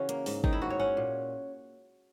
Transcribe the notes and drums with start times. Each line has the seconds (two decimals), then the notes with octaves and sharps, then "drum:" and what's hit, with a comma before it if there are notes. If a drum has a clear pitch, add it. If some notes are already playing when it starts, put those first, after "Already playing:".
Already playing: C#3 E3 C#4 F#4
0.09 A#3, drum: hi-hat
0.26 G#2, drum: open hi-hat
0.44 D#3 D#4, drum: kick G1
0.53 E4
0.62 G#2 F#4
0.70 C#5
0.79 C#4 F#5
0.97 A#2